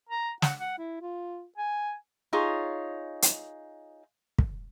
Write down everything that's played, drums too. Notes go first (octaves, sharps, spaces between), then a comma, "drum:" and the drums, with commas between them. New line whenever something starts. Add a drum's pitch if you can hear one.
A#5
F#5, drum: snare
F#5
E4
F4
G#5
D#4 F4 G#4 C#5
drum: hi-hat
drum: kick